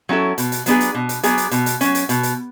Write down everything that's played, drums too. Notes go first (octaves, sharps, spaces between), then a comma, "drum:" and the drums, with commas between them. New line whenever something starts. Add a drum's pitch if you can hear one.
F#3 C#4 E4 A4
B2, drum: hi-hat
drum: hi-hat
F#3 B3 D4 G#4, drum: hi-hat
drum: hi-hat
B2
drum: hi-hat
F#3 B3 D4 G#4, drum: hi-hat
drum: hi-hat
B2, drum: hi-hat
drum: hi-hat
F#3 C#4, drum: hi-hat
drum: hi-hat
B2, drum: hi-hat
drum: hi-hat